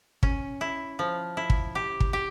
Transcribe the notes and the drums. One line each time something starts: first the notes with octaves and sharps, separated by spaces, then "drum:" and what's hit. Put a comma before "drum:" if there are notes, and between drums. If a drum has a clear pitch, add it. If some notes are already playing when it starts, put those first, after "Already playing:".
C#4, drum: kick
E4
F3
E4
drum: kick
G4
drum: kick
G4